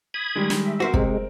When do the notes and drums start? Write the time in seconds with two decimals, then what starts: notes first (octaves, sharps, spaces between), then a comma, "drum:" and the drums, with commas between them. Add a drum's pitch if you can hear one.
0.14 B5 D#6 G#6
0.35 D#3 G3 G#3
0.50 drum: snare
0.65 E5
0.80 C4 F#4 A#4 C5
0.94 C3 G#3, drum: kick